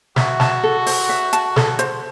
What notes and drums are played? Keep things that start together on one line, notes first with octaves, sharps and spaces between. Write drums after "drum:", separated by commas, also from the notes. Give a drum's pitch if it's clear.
F#4 E5, drum: snare
A5, drum: snare
A4
C5, drum: open hi-hat
E5
A5, drum: hi-hat
A4, drum: snare
C5, drum: hi-hat